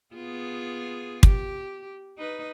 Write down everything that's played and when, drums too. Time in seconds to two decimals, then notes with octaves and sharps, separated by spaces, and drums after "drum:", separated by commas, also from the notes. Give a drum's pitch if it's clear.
0.15 B3 F4 G#4
1.23 G4, drum: kick
2.19 D#4 B4